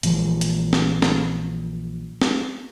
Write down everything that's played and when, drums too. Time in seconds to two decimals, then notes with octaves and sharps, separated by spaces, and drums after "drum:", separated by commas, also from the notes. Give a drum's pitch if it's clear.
0.03 A#1 E3 F3 G#3, drum: hi-hat
0.41 drum: hi-hat
0.73 drum: snare
1.02 drum: snare
2.22 drum: snare